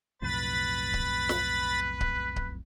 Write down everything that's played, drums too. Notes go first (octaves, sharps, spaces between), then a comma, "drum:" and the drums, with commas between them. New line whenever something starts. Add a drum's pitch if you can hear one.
B1 F2 A2 B4 B5 A6
drum: kick C#1
drum: snare
drum: kick C#1
drum: kick C#1